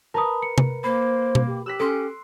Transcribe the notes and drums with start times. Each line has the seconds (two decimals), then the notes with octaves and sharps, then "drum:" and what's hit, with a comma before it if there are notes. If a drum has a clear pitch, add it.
0.14 A#4 B4 A5 A#5 D#6
0.42 C#7
0.58 drum: tom C3
0.84 A#3 C5 B5
1.35 drum: tom B2
1.47 G4
1.66 G4 E6 F#6 B6
1.80 C#4 A4 C6 C#7 D7